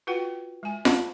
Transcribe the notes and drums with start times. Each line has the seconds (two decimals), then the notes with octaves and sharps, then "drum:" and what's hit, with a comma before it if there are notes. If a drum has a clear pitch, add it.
0.07 F4 F#4 B4 F#5 G5
0.63 G#3 G#5
0.85 A5, drum: snare F4